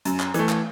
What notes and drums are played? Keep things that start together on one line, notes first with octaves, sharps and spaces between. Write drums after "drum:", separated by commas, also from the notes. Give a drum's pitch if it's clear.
F#2, drum: hi-hat
drum: clap
E3 A3, drum: hi-hat
drum: clap